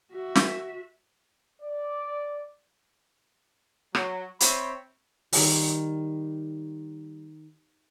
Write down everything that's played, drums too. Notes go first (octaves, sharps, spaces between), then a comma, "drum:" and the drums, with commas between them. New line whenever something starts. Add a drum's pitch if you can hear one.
F#4 E5
drum: snare
D5
F#3, drum: rim click
C4 C5 C#5 E5 B5, drum: hi-hat
D#3 G3, drum: open hi-hat